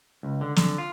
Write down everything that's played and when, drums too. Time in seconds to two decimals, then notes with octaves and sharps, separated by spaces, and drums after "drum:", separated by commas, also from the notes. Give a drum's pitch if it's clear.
0.23 C#2
0.41 D3
0.56 D3, drum: snare
0.78 F4